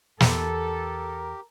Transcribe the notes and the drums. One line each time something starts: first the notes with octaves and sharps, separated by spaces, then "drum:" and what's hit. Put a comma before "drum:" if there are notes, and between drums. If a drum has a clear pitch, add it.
E2 G4 A4 A#4, drum: snare